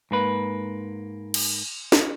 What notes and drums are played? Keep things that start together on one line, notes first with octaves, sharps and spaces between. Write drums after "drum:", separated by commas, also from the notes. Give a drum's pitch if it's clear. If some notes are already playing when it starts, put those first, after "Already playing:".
G#2 A#3 B4
drum: cymbal
drum: snare